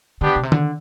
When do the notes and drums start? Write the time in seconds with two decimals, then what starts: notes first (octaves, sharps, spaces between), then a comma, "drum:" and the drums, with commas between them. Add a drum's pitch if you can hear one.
0.21 D3 B3 D4 G4
0.36 B2
0.43 C3
0.52 D3, drum: tom D#3